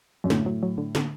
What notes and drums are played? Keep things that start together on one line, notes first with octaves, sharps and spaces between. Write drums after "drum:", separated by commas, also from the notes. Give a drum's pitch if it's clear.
F#2
A2 D3, drum: snare
F#3
F#3
D3
D3, drum: snare